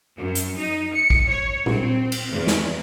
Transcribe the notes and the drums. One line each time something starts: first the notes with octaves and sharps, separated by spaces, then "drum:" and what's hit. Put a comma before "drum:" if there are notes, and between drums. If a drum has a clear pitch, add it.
F#2
drum: hi-hat
D#4
C#7
drum: kick
C#5
C4, drum: tom
drum: cymbal
E2
drum: snare